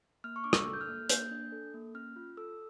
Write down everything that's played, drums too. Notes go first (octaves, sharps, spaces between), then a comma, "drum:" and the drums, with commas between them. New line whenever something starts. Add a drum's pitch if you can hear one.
A#3 F6
C#6
D4 D6
E6, drum: rim click
A4
G6
F6
A#3
A#3 G6, drum: hi-hat
D4
A4
A#3
C#4 F6
F4
A4 E6